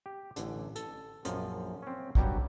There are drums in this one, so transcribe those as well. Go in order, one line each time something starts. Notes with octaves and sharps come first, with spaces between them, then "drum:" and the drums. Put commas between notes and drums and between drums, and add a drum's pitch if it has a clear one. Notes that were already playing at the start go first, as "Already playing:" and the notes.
G4
A1 D3, drum: hi-hat
A4, drum: hi-hat
A#1 F#2 F3, drum: hi-hat
C4 C#4
G2 F#3 G3 F#4 G4 G5, drum: kick